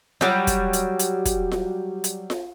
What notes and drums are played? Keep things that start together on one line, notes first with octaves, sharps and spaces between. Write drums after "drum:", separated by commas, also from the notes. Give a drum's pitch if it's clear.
F#3 G3, drum: snare F4
drum: kick, hi-hat
drum: hi-hat
drum: hi-hat
drum: kick, hi-hat
drum: snare F4
drum: hi-hat
drum: snare F4